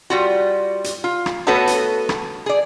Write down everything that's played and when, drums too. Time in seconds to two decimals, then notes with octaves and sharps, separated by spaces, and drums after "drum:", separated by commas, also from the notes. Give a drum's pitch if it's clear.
0.10 G3 F4 F#4
0.84 drum: hi-hat
1.04 F4
1.26 drum: rim click
1.47 A3 B3 F#4 A4 B4 C#5
1.67 drum: hi-hat
2.09 drum: rim click
2.46 G#4 D5